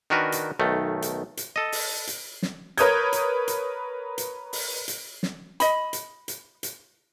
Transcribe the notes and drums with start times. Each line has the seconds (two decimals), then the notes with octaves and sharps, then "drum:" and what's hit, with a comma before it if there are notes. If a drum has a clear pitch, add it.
0.10 D#3 D4 F#4 A#4 B4
0.32 drum: hi-hat
0.59 B1 D#3 A3
1.02 drum: hi-hat
1.37 drum: hi-hat
1.56 A4 D#5
1.72 drum: open hi-hat
2.07 drum: hi-hat
2.42 drum: snare
2.78 A#4 B4 C#5 D#6 G6 G#6, drum: hi-hat
3.13 drum: hi-hat
3.48 drum: hi-hat
4.18 drum: hi-hat
4.53 drum: open hi-hat
4.88 drum: hi-hat
5.23 drum: snare
5.60 D#5 B5, drum: hi-hat
5.93 drum: hi-hat
6.28 drum: hi-hat
6.63 drum: hi-hat